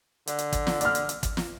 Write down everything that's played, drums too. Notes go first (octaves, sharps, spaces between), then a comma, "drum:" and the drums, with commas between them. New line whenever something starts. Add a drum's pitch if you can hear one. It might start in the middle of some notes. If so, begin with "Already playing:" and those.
D3, drum: hi-hat
drum: hi-hat
drum: kick, hi-hat
drum: snare
D5 F6, drum: hi-hat
drum: hi-hat
drum: hi-hat
drum: kick, hi-hat
drum: snare